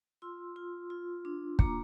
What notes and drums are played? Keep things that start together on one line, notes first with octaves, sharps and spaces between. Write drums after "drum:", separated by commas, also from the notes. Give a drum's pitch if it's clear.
F4 C6 E6
F4
F4
D4
A#3 A#5 D6, drum: kick